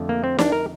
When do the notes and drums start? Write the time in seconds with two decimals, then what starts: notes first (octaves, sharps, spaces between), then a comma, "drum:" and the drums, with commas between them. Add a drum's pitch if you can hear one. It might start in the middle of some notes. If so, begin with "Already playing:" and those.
Already playing: F2 D3 A3
0.09 A#3
0.24 C4
0.39 D4, drum: snare
0.52 A#4